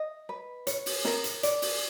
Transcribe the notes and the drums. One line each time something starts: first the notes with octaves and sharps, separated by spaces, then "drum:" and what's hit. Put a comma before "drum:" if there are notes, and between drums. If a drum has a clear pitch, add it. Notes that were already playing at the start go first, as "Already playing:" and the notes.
Already playing: D#5
B4
C#5, drum: hi-hat
drum: open hi-hat
A#4, drum: snare
drum: hi-hat
D5, drum: hi-hat
drum: open hi-hat